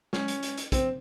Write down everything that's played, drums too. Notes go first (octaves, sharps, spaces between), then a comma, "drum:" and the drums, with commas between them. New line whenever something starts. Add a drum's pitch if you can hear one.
C#4, drum: snare
drum: hi-hat
drum: hi-hat
drum: hi-hat
C4, drum: kick, hi-hat